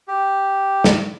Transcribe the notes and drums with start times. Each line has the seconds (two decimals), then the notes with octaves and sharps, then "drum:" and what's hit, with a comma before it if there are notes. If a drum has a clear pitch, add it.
0.08 G4
0.84 drum: snare